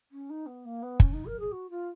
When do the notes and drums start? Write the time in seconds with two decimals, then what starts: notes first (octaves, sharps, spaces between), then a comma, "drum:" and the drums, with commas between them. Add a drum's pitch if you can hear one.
0.11 C#4
0.29 D#4
0.46 B3
0.65 A#3
0.82 B3
1.00 C#4, drum: kick
1.12 D#4
1.25 A#4
1.39 G#4
1.51 F#4
1.69 F4